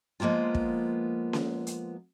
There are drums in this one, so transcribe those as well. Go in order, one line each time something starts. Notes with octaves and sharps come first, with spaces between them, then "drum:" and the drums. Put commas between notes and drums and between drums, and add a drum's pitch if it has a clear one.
F3 G#3 A#3 B3 F4
drum: kick
drum: snare C#4
drum: hi-hat